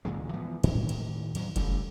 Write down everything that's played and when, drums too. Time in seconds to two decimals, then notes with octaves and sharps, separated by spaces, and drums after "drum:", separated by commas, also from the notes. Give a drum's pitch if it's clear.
0.05 C#2 A#2 D#3 G#3
0.33 E3 F3 B3
0.64 A2 D#3 E3, drum: cymbal
0.89 drum: cymbal
1.35 E2 F#3, drum: cymbal
1.56 C#3 G3 A3, drum: kick F1, cymbal